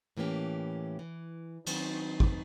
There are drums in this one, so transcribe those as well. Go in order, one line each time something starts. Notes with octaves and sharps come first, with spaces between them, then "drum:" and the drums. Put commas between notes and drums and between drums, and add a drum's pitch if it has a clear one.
A2 E3 A#3 C#4 G4
E3
D#3 F#3 B3 C4 D#4, drum: cymbal
drum: kick